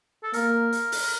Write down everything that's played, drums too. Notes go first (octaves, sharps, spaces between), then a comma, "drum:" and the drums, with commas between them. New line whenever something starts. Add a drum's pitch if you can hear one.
A4
A#3 A#4, drum: hi-hat
drum: hi-hat
drum: open hi-hat